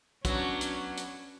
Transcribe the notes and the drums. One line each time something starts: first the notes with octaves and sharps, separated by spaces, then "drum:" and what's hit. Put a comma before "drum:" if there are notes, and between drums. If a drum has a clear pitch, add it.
F#3 B3 C#4 D4, drum: kick, hi-hat
drum: hi-hat
drum: hi-hat